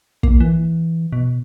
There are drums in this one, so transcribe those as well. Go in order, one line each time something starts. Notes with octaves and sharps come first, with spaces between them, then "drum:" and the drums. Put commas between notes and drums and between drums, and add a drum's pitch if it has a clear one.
A#3, drum: kick
E3
B2